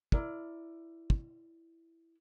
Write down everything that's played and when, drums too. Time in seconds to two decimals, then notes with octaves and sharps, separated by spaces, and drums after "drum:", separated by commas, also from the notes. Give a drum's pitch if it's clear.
0.12 E4 A#4 D5, drum: kick
1.10 drum: kick